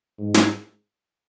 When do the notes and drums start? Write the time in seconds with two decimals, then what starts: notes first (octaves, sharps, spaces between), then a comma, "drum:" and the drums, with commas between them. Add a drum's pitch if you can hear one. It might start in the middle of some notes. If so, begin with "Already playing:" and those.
0.19 G#2
0.34 drum: snare